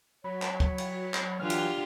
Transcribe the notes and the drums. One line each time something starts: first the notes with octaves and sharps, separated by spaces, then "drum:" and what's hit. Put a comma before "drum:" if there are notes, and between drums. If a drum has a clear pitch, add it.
F#3 C#5 B5
drum: clap
drum: kick
drum: cymbal
drum: clap
D3 E3 F4 G4 F6
drum: cymbal